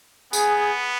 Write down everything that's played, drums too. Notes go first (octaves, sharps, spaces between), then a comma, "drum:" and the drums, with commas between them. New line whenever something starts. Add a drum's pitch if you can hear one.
B3 G#4, drum: tambourine